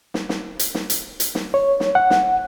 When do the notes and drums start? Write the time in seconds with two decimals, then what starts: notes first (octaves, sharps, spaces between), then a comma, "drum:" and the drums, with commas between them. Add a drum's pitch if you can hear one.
0.14 drum: snare
0.29 drum: snare
0.59 drum: hi-hat
0.75 drum: snare
0.90 drum: hi-hat
1.20 drum: hi-hat
1.35 drum: snare
1.54 C#5
1.80 drum: snare
1.95 F#5
2.10 drum: snare